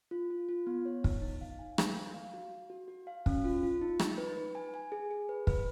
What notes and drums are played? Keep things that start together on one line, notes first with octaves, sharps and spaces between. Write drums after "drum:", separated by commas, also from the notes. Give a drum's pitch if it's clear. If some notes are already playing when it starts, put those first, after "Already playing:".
F4
F4
F4
B3
C#5
D#4, drum: kick
D#4
F5
G#5
B4, drum: rim click
F5
F5
F#4
F#4
F#4
F#4
F5
C#4, drum: kick
F4
F4
D#4
D#4, drum: rim click
B4
B4
G#5
G#5
G#4
G#4
B4
B4, drum: kick